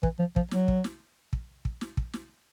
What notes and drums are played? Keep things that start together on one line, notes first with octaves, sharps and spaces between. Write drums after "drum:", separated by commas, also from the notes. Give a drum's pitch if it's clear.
E3, drum: kick
F3
F3, drum: kick
F#3, drum: snare
drum: kick
drum: snare
drum: kick
drum: kick
drum: snare
drum: kick
drum: snare